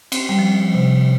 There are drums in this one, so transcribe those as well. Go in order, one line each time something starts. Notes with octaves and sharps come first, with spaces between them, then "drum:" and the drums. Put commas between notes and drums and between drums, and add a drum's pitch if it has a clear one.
C4, drum: cymbal
G3
F3
C3